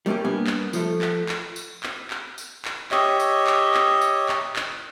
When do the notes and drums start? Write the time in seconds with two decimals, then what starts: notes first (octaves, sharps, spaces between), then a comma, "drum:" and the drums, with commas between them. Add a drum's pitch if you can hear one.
0.06 G3 A3 A#3 C#4 G4
0.25 G2 A#3 B3 G#5
0.47 drum: clap
0.73 F3 A3, drum: tambourine
1.01 drum: clap
1.29 drum: clap
1.56 drum: tambourine
1.83 drum: clap
2.11 drum: clap
2.38 drum: tambourine
2.65 drum: clap
2.91 G4 C#5 D#5 E5, drum: clap
3.20 drum: tambourine
3.47 drum: clap
3.74 drum: clap
4.01 drum: tambourine
4.29 drum: clap
4.56 drum: clap